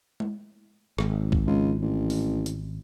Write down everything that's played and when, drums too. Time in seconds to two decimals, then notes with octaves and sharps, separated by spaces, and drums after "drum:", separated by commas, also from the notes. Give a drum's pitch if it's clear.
0.20 drum: tom G#3
0.98 G#1, drum: rim click
1.32 drum: kick A#1
1.47 C#2
1.82 A1
2.10 drum: open hi-hat
2.46 drum: hi-hat